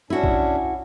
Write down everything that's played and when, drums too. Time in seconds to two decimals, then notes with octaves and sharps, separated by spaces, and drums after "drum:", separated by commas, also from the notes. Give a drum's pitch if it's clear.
0.10 C#4 D4 E4 F#4
0.23 drum: kick A#1